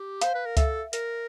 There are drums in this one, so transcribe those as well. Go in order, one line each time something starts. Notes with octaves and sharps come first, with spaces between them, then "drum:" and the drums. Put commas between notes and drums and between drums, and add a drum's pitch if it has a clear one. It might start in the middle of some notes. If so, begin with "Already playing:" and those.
Already playing: G4
C5 F5, drum: hi-hat
B4
A#4
A4 E5, drum: kick C#2, hi-hat
A#4, drum: hi-hat